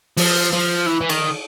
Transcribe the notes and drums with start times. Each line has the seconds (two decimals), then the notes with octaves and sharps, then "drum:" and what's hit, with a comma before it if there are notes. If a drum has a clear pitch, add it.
0.17 F3, drum: open hi-hat
0.53 F3
0.86 E3
1.01 E3
1.09 D#3, drum: cymbal